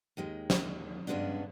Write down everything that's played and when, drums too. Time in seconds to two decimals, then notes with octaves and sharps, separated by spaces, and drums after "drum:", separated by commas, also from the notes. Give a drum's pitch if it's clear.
0.17 D#2 D#3 G#3
0.50 drum: snare
1.07 G2 C#3 F3 G#3 B3 D4